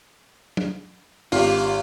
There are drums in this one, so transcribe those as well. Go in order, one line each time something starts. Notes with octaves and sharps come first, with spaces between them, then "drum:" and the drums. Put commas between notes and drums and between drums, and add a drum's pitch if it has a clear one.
drum: tom
G#1 F4 G4, drum: open hi-hat